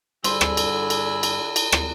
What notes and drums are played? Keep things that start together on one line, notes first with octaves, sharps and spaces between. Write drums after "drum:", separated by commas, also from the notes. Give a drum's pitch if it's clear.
G2 D3 G#4 C5 B5 C6 E6, drum: cymbal
drum: rim click
drum: cymbal
drum: cymbal
drum: cymbal
drum: cymbal
drum: rim click